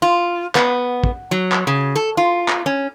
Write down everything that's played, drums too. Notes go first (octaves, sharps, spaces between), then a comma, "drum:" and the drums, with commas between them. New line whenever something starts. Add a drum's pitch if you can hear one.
F4
B3, drum: clap
drum: kick
F#3
drum: clap
C#3
A4
F4
drum: clap
C#4